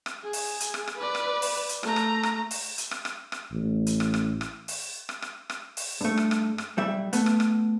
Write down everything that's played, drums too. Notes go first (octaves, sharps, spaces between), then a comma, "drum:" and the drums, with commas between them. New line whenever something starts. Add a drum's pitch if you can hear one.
drum: rim click
G#4
drum: open hi-hat
drum: hi-hat
drum: rim click
drum: rim click
B4 D5
drum: rim click
drum: open hi-hat
drum: hi-hat
A3 A#5, drum: rim click
drum: rim click
drum: rim click
drum: open hi-hat
drum: hi-hat
drum: rim click
drum: rim click
drum: rim click
A1
drum: hi-hat
drum: rim click
drum: rim click
drum: rim click
drum: open hi-hat
drum: rim click
drum: rim click
drum: rim click
drum: open hi-hat
G2 A3
drum: rim click
drum: rim click
drum: rim click
B1 G3 E5
A3 B3, drum: hi-hat
drum: rim click
drum: rim click